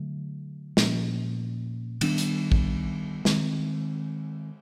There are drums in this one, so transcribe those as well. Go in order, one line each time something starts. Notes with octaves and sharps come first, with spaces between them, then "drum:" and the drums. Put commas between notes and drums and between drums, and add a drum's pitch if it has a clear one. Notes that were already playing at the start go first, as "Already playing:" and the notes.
Already playing: D3 F#3 A3
A#2 F3 A#3 C#4, drum: snare
D#3 G3 B3 D4, drum: cymbal
drum: hi-hat
drum: kick
D#3 G#3 C4, drum: snare